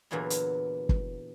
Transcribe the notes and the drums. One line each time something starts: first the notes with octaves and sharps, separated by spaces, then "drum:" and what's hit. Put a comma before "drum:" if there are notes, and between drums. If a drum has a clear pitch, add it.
E2 A#2 D3 E3 F#3 B5
drum: hi-hat
drum: kick